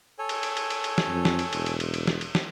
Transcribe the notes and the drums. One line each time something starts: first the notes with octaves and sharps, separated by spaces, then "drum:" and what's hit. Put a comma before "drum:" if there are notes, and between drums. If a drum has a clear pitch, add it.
A4 C#5 G#5
drum: cymbal
drum: cymbal
drum: cymbal
drum: cymbal
drum: cymbal
drum: snare
F2
drum: snare
drum: cymbal
E1, drum: cymbal
drum: cymbal
drum: cymbal
drum: cymbal
drum: snare
drum: cymbal
drum: snare